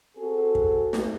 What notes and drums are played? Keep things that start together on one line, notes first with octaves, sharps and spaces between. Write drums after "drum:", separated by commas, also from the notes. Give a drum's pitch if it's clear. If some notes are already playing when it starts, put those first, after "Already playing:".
C4 F#4 G#4 A4
drum: kick
drum: snare